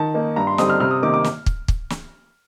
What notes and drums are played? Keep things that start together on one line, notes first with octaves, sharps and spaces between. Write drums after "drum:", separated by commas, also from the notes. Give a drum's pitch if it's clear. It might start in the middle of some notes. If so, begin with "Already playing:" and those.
Already playing: D#3 A5
A#3 D#4
G2 A#5
C6
D3 G3 C4 D#4 D#6, drum: snare
F6
C3 F6
D#6
D#3 A#3 D#4 D6
D6
drum: snare
drum: kick
drum: kick
drum: snare